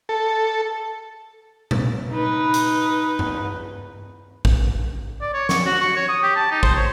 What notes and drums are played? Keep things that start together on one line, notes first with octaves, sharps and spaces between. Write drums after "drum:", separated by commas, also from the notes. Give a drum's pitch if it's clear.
A4
drum: tom A#2
D#4 B4
drum: hi-hat
drum: tom G2
drum: kick
D5
C#5
C#6, drum: snare
F#4
C#6
C#5
D#6
G4
A5
D#4
C5, drum: kick
C#5